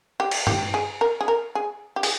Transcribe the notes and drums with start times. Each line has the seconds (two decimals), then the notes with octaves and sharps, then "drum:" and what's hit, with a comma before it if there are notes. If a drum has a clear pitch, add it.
0.20 G4
0.31 drum: cymbal
0.47 G4, drum: tom G2
0.74 G#4
1.01 A#4
1.21 G#4
1.28 A#4
1.55 G#4
1.96 G4
2.03 G#4, drum: open hi-hat